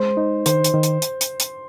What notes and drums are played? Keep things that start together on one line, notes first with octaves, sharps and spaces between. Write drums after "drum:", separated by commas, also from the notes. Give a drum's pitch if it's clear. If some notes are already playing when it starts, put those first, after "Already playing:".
Already playing: G#3 C5
D#4
D#3 C5, drum: hi-hat
drum: hi-hat
D#3
drum: hi-hat
drum: hi-hat
drum: hi-hat
drum: hi-hat